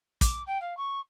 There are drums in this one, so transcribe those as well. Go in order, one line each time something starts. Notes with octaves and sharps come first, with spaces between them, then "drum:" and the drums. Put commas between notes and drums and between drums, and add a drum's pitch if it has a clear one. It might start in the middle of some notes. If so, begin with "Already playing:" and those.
D6, drum: kick, hi-hat
G5
F5
C#6